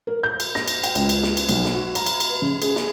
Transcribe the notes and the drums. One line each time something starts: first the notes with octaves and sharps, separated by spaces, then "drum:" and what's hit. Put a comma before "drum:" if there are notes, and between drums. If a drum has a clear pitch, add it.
A#4
G6
drum: cymbal
A#6, drum: snare
drum: cymbal
G5, drum: cymbal
C#2, drum: cymbal
drum: cymbal
drum: snare
drum: cymbal
B1, drum: cymbal
drum: snare
F#4
A#5, drum: cymbal
drum: cymbal
drum: cymbal
B4
C#3
G#4, drum: cymbal
drum: snare